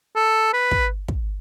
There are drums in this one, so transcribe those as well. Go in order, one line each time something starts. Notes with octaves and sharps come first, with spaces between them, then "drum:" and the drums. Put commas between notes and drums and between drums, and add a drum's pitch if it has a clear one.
A4
B4
drum: kick
drum: kick